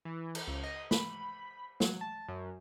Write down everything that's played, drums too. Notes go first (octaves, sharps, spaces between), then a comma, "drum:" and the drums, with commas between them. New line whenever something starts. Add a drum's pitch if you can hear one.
E3
drum: cymbal
C#2
D#5
B5, drum: snare
F#3, drum: snare
A5
F#2